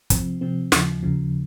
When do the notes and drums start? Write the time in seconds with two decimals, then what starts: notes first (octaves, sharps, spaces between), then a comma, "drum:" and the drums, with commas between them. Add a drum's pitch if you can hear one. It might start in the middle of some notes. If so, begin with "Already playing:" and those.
0.10 C3 F3 C4, drum: kick, hi-hat
0.41 C3 F3 C4
0.72 D#2 C#3 F3, drum: snare
1.03 D#2 C#3 F3